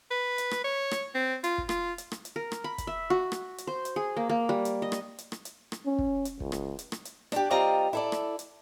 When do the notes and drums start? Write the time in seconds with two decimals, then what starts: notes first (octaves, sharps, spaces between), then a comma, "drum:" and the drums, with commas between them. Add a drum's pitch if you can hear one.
0.11 B4
0.38 drum: hi-hat
0.51 drum: rim click
0.64 C#5
0.91 drum: rim click
1.15 C4
1.44 F4, drum: hi-hat
1.58 drum: kick
1.69 F4, drum: rim click
1.98 drum: hi-hat
2.12 drum: rim click
2.25 drum: hi-hat
2.36 A#4
2.52 drum: rim click
2.64 B5
2.78 drum: kick, hi-hat
2.87 E5
3.10 F#4
3.32 drum: rim click
3.58 drum: hi-hat
3.67 C5
3.85 drum: hi-hat
3.96 G#4
4.17 A#3
4.30 A#3
4.49 G3
4.65 drum: hi-hat
4.82 D#5
4.92 drum: rim click
5.18 drum: hi-hat
5.32 drum: rim click
5.45 drum: hi-hat
5.72 drum: rim click
5.86 C#4
5.99 drum: kick
6.25 drum: hi-hat
6.40 C#2, drum: kick
6.52 drum: rim click
6.79 drum: hi-hat
6.92 drum: rim click
7.05 drum: hi-hat
7.32 D4 G4, drum: rim click
7.50 G3 C4 F4 D5 D#5 A#5
7.93 E4 A4 D5
8.12 drum: rim click
8.39 drum: hi-hat